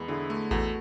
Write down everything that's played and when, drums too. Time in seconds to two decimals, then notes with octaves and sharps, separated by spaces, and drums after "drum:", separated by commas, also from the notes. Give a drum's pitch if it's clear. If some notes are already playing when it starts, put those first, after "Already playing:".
Already playing: E2 G#3 B3
0.08 D3 E4 G#4
0.30 A3
0.51 E2 F#4 A4, drum: kick A1